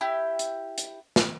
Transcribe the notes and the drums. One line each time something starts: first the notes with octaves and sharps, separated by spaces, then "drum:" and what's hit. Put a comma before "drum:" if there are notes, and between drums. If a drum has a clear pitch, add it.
E4 G4
drum: hi-hat
drum: hi-hat
drum: snare